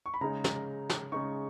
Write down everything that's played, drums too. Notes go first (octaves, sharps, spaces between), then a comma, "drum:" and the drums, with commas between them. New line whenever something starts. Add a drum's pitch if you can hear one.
C#6
B5
C#3 G#3 D#4 A#5
drum: snare
drum: snare
C#3 G#3 D#4 C#6